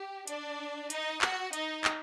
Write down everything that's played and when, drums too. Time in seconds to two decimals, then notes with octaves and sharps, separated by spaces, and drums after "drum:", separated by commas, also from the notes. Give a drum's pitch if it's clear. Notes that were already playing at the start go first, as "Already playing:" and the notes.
Already playing: G4
0.27 D4 D5, drum: hi-hat
0.90 D#4 D#5, drum: hi-hat
1.22 F#4 F#5, drum: clap
1.53 D#4 D#5, drum: hi-hat
1.85 drum: clap